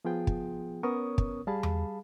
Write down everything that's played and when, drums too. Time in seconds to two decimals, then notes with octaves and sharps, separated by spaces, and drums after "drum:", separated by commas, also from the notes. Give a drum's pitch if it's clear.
0.05 F3 B3 F4 G#4 G5
0.27 drum: kick
0.83 B3 C#4 A#4 C#5 C#6 D#6
1.18 drum: kick
1.47 G3 G#4 F5 A5 B5
1.63 drum: tom E2